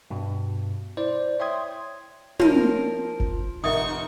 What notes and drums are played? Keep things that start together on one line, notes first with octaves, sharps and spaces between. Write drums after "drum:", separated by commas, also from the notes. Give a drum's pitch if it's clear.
G2 B2
E4 C5 D5
C#5 E5 G5 C6 D#6 G#6
F3 A#4 C#5, drum: tom
drum: kick F#1
F1 D#4 A#4 D#5 E5 F#5 C#6 D#6